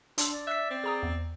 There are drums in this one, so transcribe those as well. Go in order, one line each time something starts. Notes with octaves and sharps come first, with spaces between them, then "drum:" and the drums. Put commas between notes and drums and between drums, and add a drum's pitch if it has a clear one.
D4 C6 E6, drum: hi-hat
D5
E5 F#6 B6
C4
G#4 A#5 D#6
E2